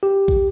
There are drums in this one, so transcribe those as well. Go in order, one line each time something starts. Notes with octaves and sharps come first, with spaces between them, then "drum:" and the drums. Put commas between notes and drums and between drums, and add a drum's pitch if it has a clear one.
G4
drum: kick A#1